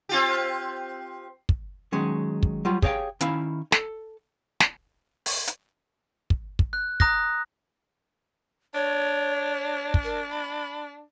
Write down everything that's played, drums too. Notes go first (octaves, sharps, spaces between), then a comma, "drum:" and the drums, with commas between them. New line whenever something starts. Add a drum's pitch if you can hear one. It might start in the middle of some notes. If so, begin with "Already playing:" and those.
C4 F4 G4
drum: kick
D#3 F#3 G#3 C#4
drum: kick
F#3 G3 F4
G4 G#4 C#5 D5 F5 G5, drum: kick
D#3 C#4 E4 E5 F5 B5, drum: hi-hat
A4, drum: snare
drum: snare
drum: open hi-hat
drum: hi-hat
drum: kick
drum: kick
F#6
A#5 D#6 F#6 A#6, drum: kick
D4 C#5
drum: kick
A#4
B5